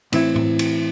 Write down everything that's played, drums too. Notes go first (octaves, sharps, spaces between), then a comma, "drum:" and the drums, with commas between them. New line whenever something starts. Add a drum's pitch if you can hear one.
A2 E3 C4 E4, drum: cymbal
drum: tom A2
drum: cymbal